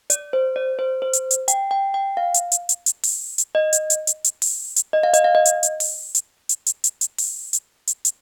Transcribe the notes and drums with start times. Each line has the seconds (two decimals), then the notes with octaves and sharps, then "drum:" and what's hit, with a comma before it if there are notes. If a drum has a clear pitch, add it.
0.10 D5, drum: hi-hat
0.33 C5
0.56 D5
0.79 C5
1.02 C5
1.13 drum: hi-hat
1.31 drum: hi-hat
1.48 G5, drum: hi-hat
1.71 G5
1.94 G5
2.17 F5
2.34 drum: hi-hat
2.52 drum: hi-hat
2.69 drum: hi-hat
2.86 drum: hi-hat
3.03 drum: open hi-hat
3.38 drum: hi-hat
3.55 D#5
3.73 drum: hi-hat
3.90 drum: hi-hat
4.07 drum: hi-hat
4.24 drum: hi-hat
4.42 drum: open hi-hat
4.76 drum: hi-hat
4.93 D#5
5.03 F5
5.14 D#5, drum: hi-hat
5.24 F5
5.35 D#5
5.45 drum: hi-hat
5.63 drum: hi-hat
5.80 drum: open hi-hat
6.15 drum: hi-hat
6.49 drum: hi-hat
6.66 drum: hi-hat
6.84 drum: hi-hat
7.01 drum: hi-hat
7.18 drum: open hi-hat
7.53 drum: hi-hat
7.87 drum: hi-hat
8.05 drum: hi-hat